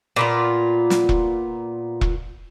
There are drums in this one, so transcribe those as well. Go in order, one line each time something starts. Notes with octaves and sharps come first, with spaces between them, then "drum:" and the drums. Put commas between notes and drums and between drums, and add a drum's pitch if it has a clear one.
A#2 B3 F4
drum: snare
drum: kick E1
drum: kick E1